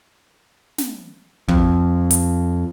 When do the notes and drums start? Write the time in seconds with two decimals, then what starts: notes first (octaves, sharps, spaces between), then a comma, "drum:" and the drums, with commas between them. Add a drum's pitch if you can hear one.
0.78 drum: snare
1.48 F2, drum: kick
2.11 drum: hi-hat